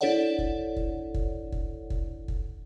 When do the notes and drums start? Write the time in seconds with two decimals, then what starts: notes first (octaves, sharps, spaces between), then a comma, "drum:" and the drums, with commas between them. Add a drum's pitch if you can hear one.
0.01 D4 E4 A4 C#5 D5 F#5
0.39 drum: kick
0.76 drum: kick
1.14 drum: kick
1.52 drum: kick
1.90 drum: kick
2.28 drum: kick